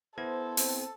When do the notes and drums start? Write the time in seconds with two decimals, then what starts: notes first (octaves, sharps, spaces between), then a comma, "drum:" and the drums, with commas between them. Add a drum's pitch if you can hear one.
0.18 B3 E4 A4 C5 G#6
0.57 C4, drum: open hi-hat